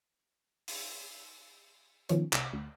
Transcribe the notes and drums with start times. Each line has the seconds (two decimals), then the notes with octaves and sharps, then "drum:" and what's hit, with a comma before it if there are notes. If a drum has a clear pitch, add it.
0.68 drum: open hi-hat
2.09 B2 D#3 F3 C#4, drum: hi-hat
2.33 C2, drum: clap
2.53 D2